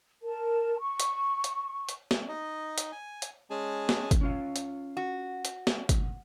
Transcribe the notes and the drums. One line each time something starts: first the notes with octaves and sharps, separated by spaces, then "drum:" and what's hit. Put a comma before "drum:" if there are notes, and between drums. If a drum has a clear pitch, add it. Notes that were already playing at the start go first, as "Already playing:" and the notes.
A#4 A5
C#6
drum: hi-hat
drum: hi-hat
drum: hi-hat
drum: snare
D#4 D#5
drum: hi-hat
G#5
drum: hi-hat
G#3 C#4 G#4 G#5 A5
drum: snare
drum: kick G1, hi-hat
C#4 F4 F5
drum: hi-hat
F#4
drum: hi-hat
drum: snare
drum: kick G1, hi-hat